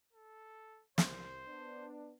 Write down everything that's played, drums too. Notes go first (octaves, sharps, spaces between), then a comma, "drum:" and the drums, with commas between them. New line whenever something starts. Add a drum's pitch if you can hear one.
A4
C2 C5, drum: snare
B3 D4